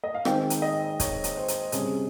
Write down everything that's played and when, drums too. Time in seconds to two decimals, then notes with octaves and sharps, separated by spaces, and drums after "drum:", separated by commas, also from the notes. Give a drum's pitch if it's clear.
0.04 D#5
0.14 F5
0.25 D#3 G#3 C4 G5, drum: rim click
0.50 drum: hi-hat
0.62 D#5
1.00 C#5, drum: kick, hi-hat
1.24 drum: hi-hat
1.36 C5
1.48 drum: hi-hat
1.72 C3 G3 C#4 G#4, drum: hi-hat